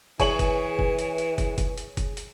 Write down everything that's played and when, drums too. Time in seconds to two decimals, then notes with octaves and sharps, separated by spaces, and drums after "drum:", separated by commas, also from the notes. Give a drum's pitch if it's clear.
0.20 E3 G#4 B4 C#5 F#7, drum: kick, hi-hat
0.39 drum: kick, hi-hat
0.79 drum: kick
0.99 drum: hi-hat
1.18 drum: hi-hat
1.38 drum: kick, hi-hat
1.58 drum: kick, hi-hat
1.78 drum: hi-hat
1.97 drum: kick, hi-hat
2.17 drum: hi-hat